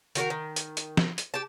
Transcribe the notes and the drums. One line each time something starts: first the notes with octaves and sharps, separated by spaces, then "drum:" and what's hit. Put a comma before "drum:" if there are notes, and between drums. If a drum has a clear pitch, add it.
D#3 F#4 G4 A#4, drum: hi-hat
D#3
drum: hi-hat
drum: hi-hat
drum: snare F3
drum: hi-hat
G4 A5